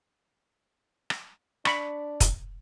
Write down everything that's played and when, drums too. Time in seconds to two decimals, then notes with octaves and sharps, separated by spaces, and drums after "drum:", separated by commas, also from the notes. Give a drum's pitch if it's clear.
1.10 drum: rim click
1.65 D4 B5 C#6, drum: rim click
2.20 drum: kick, hi-hat